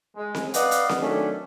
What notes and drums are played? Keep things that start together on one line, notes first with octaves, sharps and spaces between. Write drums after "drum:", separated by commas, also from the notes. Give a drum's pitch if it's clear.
G#3
drum: snare C4
B4 D5 D#5 F5 F#5, drum: hi-hat
drum: hi-hat
drum: snare C4
D#3 F#3 A3 C#4 D4